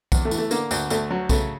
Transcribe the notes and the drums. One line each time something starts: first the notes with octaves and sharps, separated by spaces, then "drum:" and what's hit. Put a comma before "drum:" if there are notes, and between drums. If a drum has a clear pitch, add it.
E2, drum: kick B1, tambourine
A3
E3, drum: tambourine
A3
D3 A#3, drum: tambourine
D2, drum: tambourine
D2 A3, drum: tambourine
F#3
C#3 A3, drum: kick B1, tambourine